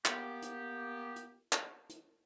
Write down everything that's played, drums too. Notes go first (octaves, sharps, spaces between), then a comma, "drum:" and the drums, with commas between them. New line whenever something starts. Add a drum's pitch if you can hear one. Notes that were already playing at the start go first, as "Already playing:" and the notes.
A#3 B3 G4, drum: clap
drum: hi-hat
drum: hi-hat
drum: clap
drum: hi-hat